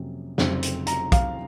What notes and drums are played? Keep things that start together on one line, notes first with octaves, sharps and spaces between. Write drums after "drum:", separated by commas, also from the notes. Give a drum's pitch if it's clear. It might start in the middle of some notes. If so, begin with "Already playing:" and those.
Already playing: F2 C3 F#3 A#3 C#4
F1 F2 C#3 F#3 C4, drum: snare
drum: hi-hat
A#5, drum: hi-hat
F5, drum: kick, hi-hat